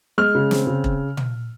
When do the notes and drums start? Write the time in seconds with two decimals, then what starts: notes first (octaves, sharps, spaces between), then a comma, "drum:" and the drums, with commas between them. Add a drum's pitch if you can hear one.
0.18 G#3 F6
0.35 C#3
0.51 C4, drum: snare
0.67 C#3
0.84 drum: kick E1
1.17 drum: tom